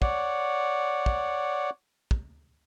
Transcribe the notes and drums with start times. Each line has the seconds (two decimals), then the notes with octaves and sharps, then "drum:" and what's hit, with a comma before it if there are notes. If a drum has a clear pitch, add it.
0.02 C#5 D5 F#5, drum: kick
1.06 drum: kick
2.11 drum: kick